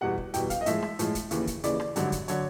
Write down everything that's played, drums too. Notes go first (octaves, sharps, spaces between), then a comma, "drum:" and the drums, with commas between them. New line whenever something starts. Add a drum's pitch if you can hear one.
E2 B2 G3 F#5
drum: kick
E2 B2 G3 G5, drum: hi-hat
F5, drum: kick, hi-hat
D#5
A2 F3 G#3 E5, drum: hi-hat
drum: rim click
A2 F3 G#3, drum: hi-hat
drum: kick, hi-hat
D#2 C#3 E3, drum: hi-hat
drum: kick, hi-hat
D#2 C#3 E3 D5, drum: hi-hat
drum: rim click
G#1 G2 D3 F#3, drum: hi-hat
drum: kick, hi-hat
D3 F#3 C#5, drum: hi-hat